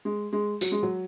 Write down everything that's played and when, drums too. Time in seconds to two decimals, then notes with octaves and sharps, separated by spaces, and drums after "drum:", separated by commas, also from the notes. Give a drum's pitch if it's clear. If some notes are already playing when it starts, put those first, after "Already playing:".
0.05 G#3
0.33 G#3
0.61 F#3, drum: tambourine
0.72 G#3
0.83 F#3